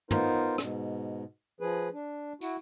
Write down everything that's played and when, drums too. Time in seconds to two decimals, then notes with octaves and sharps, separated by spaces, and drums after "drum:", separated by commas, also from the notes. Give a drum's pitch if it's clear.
0.11 B3 D#4 F4 A#4 C5, drum: tom
0.58 G#2 B2, drum: rim click
1.61 F3 G#4 B4
1.93 D4
2.41 E4 F#4, drum: tambourine